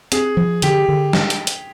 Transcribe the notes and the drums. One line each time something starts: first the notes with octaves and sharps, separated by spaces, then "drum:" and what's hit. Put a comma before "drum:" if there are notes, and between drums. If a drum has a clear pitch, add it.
C4 G#4, drum: hi-hat
F3
D3 G4, drum: hi-hat
D3
drum: snare
drum: hi-hat
drum: hi-hat